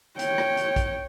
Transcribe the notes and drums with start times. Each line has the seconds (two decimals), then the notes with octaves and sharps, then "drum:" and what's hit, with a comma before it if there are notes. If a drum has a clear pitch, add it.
0.19 C#5 G5, drum: hi-hat
0.38 drum: rim click
0.57 drum: hi-hat
0.76 drum: kick, hi-hat